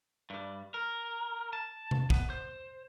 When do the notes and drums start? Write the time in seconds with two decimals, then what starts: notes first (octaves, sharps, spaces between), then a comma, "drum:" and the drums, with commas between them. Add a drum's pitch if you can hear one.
0.30 G2 G3
0.74 A#4
1.53 A5
1.91 drum: tom C3
2.10 B3, drum: kick
2.30 C5